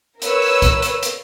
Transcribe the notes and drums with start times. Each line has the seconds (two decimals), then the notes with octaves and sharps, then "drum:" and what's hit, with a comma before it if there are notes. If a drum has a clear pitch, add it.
0.22 A#4 B4 C#5 E6, drum: hi-hat
0.42 drum: open hi-hat
0.62 drum: kick, hi-hat
0.82 drum: hi-hat
1.03 drum: hi-hat